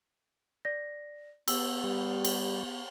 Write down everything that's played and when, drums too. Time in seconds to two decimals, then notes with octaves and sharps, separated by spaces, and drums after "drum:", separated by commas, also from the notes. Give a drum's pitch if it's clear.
0.65 D5 A#6
1.48 B3 E6, drum: cymbal
1.84 G3
2.25 drum: cymbal